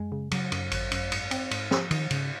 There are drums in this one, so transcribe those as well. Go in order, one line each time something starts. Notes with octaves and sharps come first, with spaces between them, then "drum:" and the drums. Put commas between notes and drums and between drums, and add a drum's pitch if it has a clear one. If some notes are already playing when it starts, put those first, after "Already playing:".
Already playing: F#2 G#3
C#3
C#3 F#3, drum: cymbal
F#2, drum: cymbal
G#1, drum: cymbal
F#2, drum: cymbal
G#2, drum: cymbal
C4, drum: cymbal
G#2, drum: cymbal
F3, drum: snare
D#3 F3, drum: cymbal
G#2 C#3, drum: cymbal